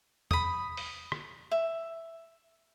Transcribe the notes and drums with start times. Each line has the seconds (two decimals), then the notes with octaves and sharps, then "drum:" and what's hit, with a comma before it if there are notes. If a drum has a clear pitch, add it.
0.31 B5 D#6, drum: tom E2
0.77 drum: open hi-hat
1.12 drum: rim click
1.51 E5